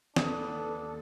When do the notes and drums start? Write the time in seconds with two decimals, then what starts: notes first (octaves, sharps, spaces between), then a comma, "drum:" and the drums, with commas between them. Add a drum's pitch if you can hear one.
0.16 D#2 B3 D4 A4 D#6, drum: snare